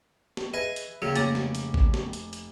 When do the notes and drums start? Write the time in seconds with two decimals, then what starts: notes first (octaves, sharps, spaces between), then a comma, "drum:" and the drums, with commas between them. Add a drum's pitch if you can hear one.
0.37 drum: snare
0.54 G#4 B4 D#5 E5
0.76 drum: hi-hat
1.02 C#3 F#3 A#3 F#4 G#4 G5
1.15 F1 A#3 C#5 D6 D#7, drum: hi-hat
1.35 drum: snare
1.55 drum: hi-hat
1.74 drum: kick A1
1.94 drum: snare
2.13 drum: hi-hat
2.33 drum: hi-hat